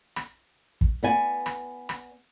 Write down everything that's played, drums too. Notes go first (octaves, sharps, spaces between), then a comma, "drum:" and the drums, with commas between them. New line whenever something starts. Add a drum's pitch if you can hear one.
drum: rim click
drum: kick
B3 D5 G#5
drum: rim click
drum: rim click